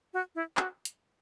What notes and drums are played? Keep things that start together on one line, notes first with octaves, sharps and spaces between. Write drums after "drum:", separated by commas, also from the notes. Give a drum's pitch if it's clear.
F#4
E4
F#4, drum: clap
drum: hi-hat